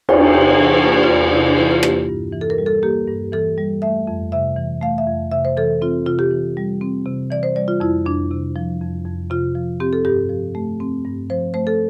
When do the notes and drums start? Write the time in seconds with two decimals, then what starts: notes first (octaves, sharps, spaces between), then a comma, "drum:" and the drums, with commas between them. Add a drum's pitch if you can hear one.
0.09 E2 F4, drum: cymbal
0.34 C3 G4
0.59 E3
0.83 A#3 F4
0.93 G4
1.03 F4
1.09 E2
1.34 C3 E4
1.46 D4
1.58 E3 E4
1.71 F4
1.83 A#3 G4, drum: rim click
2.09 G2
2.33 E3
2.41 A4
2.50 A#4
2.58 G3
2.66 A4
2.83 A#3 G4
3.08 G2
3.32 E3 A4
3.57 G3
3.82 A3 E5
4.07 F2
4.32 C3 E5
4.57 E3
4.81 A3 F5
4.98 E5
5.07 F2
5.32 C3 E5
5.45 C5
5.57 E3 A4
5.82 C4 F4
6.06 C3 F4
6.19 G4
6.31 E3
6.57 G3
6.81 C4
7.06 C3
7.31 E3 D5
7.43 C5
7.56 G3 D5
7.68 F4
7.80 F2 E4
8.06 F2 D4
8.31 C3
8.56 F3
8.81 F2
9.06 F2
9.30 C3 F4
9.55 F3
9.80 C4 G4
9.93 A4
10.05 G2 G4
10.29 F3
10.55 A3
10.80 C4
11.05 G2
11.30 F3 C5
11.54 A3 C5
11.67 A4